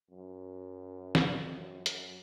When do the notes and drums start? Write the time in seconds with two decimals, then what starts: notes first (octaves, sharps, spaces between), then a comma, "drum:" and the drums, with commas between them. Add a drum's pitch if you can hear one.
0.10 F#2
1.15 drum: snare
1.27 F2
1.56 F#2
1.86 F#2, drum: hi-hat